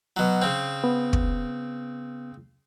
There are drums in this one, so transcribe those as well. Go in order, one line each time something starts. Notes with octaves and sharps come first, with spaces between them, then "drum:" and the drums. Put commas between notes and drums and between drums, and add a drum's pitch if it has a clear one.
B2 F#3
C#3 C4
B3
drum: kick